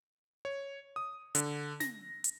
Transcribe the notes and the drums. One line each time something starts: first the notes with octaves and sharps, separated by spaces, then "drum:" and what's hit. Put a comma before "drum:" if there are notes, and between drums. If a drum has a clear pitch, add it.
C#5
D#6
D3, drum: hi-hat
A#6, drum: snare
drum: hi-hat